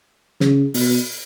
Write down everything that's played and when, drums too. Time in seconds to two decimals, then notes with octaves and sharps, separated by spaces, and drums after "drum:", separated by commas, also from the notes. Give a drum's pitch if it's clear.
0.40 C#3, drum: snare
0.74 B2, drum: open hi-hat